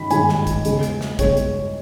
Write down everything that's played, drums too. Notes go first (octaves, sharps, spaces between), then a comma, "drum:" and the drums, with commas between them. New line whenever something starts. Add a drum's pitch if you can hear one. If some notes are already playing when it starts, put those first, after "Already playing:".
Already playing: G#2 D#3 C#4 B5
G#2 D#3 G#3 C#4 G#5, drum: hi-hat
drum: snare
drum: kick, hi-hat
E2 C#3 G#3 C#4, drum: hi-hat
drum: hi-hat
drum: snare
E2 C#3 G#3 C#4 C#5, drum: kick, hi-hat
drum: hi-hat